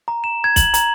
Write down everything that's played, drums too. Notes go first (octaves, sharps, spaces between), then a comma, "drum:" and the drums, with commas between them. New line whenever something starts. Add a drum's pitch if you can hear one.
A#5
E7
G#6
F#7, drum: kick, hi-hat
A#5, drum: hi-hat